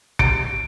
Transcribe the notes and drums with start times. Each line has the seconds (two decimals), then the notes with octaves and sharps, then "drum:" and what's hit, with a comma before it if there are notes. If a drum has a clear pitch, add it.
0.19 D7, drum: kick